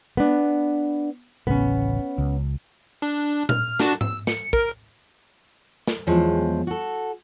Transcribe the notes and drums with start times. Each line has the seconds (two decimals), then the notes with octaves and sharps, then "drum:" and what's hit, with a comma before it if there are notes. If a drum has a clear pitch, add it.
0.17 B3 D4
1.47 D1 A1 C#3 B3 C#4
2.18 C#2
3.02 D4
3.49 F6, drum: tom A#2
3.79 D4 F#4 A5, drum: snare
4.01 E6, drum: tom G#2
4.27 C#7, drum: snare
4.53 A#4, drum: kick
5.87 drum: snare
6.07 E2 F3 F#3 G#3
6.67 F#4 A4